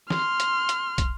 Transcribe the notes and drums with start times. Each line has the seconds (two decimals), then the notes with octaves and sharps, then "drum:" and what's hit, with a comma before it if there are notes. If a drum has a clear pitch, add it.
0.10 C6 F6, drum: snare
0.40 drum: hi-hat
0.69 drum: hi-hat
0.98 drum: kick, hi-hat